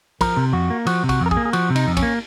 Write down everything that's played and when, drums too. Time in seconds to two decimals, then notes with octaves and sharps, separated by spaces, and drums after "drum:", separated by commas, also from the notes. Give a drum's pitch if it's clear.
0.21 F3 A#4, drum: kick, cymbal
0.37 C3
0.53 F2 F#4
0.70 A#3
0.86 F3 F#4, drum: cymbal
1.03 C3
1.09 F#4, drum: kick, cymbal
1.20 F2
1.26 A#4
1.31 G#4, drum: kick
1.37 A#3
1.45 G#4
1.53 F3 F#4, drum: cymbal
1.70 C3
1.76 D#4, drum: cymbal
1.87 F2
1.97 C#4, drum: kick, cymbal
2.03 A#3